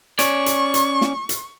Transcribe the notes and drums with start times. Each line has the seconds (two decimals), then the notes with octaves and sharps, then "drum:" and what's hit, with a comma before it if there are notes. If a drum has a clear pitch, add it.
0.19 C#4 D5 C#6, drum: hi-hat
0.46 drum: hi-hat
0.74 drum: hi-hat
1.01 drum: snare
1.29 drum: hi-hat